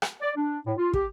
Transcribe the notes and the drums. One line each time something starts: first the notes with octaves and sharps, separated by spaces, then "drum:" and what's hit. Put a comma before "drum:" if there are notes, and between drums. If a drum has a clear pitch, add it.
drum: rim click
D5
D4
A2
F4
G4, drum: kick